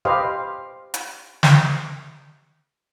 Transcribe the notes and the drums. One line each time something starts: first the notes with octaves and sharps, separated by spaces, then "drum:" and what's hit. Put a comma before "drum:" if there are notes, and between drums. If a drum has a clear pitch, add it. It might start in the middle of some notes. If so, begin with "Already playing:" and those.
G4 B4 C5 D#5 F5
drum: hi-hat
drum: snare